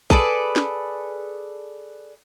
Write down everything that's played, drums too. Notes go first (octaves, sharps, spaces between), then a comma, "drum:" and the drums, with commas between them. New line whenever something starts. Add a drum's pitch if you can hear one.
G#4 A4 B4 D5, drum: kick
drum: snare